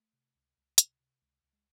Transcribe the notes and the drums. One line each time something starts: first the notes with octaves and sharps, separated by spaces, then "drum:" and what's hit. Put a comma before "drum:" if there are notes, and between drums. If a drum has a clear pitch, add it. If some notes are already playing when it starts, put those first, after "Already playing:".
Already playing: A3
C3
C#2
C#2
C3, drum: hi-hat
C3
C#2
C#2
G#3